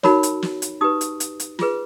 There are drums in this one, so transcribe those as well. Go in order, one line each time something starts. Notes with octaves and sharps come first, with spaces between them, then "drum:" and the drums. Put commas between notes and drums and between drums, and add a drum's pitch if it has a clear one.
D#4 F#4 A#4 C#5 B5, drum: snare
drum: hi-hat
drum: snare
drum: hi-hat
D#4 G4 B4 D#6
drum: hi-hat
drum: hi-hat
drum: hi-hat
F4 G#4 B4, drum: snare